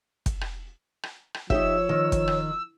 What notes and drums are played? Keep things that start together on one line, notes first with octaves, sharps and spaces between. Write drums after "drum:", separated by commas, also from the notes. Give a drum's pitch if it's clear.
drum: kick, hi-hat
drum: rim click
drum: rim click
drum: rim click
F3 D#4 G4 C#5 E5 E6, drum: kick
D#3
drum: kick, hi-hat
drum: rim click